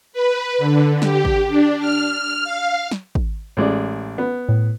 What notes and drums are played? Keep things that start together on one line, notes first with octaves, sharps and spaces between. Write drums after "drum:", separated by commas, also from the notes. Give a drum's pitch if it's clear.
B4
D3
G4, drum: snare
drum: kick G#1
D4
F6
F5
drum: snare
drum: kick G#1
A1 G#3 D5
B3
A2